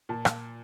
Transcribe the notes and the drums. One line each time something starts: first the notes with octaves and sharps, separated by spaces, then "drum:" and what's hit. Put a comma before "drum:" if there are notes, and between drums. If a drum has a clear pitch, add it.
A#2 A5
drum: rim click